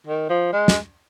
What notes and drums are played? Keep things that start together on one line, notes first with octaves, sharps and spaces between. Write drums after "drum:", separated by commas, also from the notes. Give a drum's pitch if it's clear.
D#3
F3
G#3
drum: snare